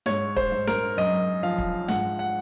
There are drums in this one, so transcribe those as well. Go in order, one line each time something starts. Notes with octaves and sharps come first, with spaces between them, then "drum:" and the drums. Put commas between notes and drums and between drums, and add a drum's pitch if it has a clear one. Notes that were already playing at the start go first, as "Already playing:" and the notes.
G#2 C#5, drum: snare
C5, drum: kick
G#2
A#4, drum: snare
F#2 D#5
F3 F5
drum: kick
G#2 F#5, drum: snare
F#5